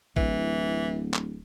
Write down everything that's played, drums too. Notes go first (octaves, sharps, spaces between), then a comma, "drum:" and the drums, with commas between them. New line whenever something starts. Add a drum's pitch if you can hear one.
D1 E3, drum: kick
drum: clap